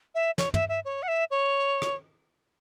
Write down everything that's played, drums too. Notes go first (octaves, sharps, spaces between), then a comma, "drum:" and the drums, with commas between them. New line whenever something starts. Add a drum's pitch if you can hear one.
E5
C#5, drum: snare
E5, drum: tom
E5
C#5
F#5
E5
C#5
drum: rim click